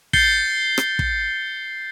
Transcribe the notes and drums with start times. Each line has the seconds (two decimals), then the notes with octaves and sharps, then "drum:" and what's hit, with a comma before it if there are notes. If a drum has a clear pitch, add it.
0.13 G6 A6 C7 C#7 G7, drum: kick
0.78 drum: rim click
0.99 drum: kick